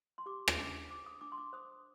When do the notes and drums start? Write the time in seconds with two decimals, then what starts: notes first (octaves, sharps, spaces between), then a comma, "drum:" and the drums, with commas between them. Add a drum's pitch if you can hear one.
0.18 C6
0.26 G4 D6
0.48 drum: rim click
0.58 D4 D6
0.90 C5 D6
1.06 D#6
1.21 D4 D6
1.32 C6
1.38 D6
1.53 C5 D#6